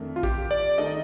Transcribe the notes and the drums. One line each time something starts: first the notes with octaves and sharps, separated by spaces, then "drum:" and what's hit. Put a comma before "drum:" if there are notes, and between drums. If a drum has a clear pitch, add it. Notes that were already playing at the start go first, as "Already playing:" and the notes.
Already playing: F2 D#3 A3 D4
F4
G4, drum: kick A#1
D5
D#3 A3 D#4 A4 D#5